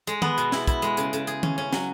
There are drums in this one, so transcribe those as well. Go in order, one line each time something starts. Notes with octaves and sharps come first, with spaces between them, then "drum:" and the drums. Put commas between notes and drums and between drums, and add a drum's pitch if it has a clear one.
G#3, drum: hi-hat
B3, drum: tom D#3
B2, drum: hi-hat
E4, drum: snare
E4, drum: kick, hi-hat
G#3, drum: hi-hat
C#3, drum: hi-hat
C#3, drum: hi-hat
G#4, drum: hi-hat
C#4, drum: tom D#3
C#4
F#3, drum: snare